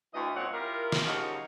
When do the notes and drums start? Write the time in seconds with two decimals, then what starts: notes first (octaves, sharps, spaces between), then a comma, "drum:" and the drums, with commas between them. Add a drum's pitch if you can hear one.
0.14 D2 E3 D#5
0.35 F#2 A#2 G#3 C4 C#5 F#5
0.53 E4 F4 G4 A#4
0.92 drum: snare
1.05 C#3 F3 F#3 D#4 G4 A#4